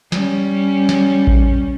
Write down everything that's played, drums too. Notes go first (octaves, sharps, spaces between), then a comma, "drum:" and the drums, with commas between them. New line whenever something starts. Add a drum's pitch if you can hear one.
G3 C#4, drum: snare
drum: snare
drum: kick A1